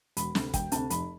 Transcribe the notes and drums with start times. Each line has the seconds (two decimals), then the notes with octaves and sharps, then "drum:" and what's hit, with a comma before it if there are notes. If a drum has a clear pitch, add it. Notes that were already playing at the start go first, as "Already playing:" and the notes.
0.17 E1 B5, drum: hi-hat
0.35 D2 C3, drum: snare
0.54 E1 G5, drum: kick, hi-hat
0.72 D2 C3 A5, drum: hi-hat
0.90 F1 B5, drum: hi-hat